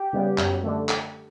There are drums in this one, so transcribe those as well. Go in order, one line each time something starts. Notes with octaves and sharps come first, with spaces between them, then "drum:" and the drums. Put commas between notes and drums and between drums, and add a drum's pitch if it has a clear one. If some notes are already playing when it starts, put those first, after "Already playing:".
Already playing: G4
C#3 G3 B3
F#2, drum: clap
D3 A3
drum: clap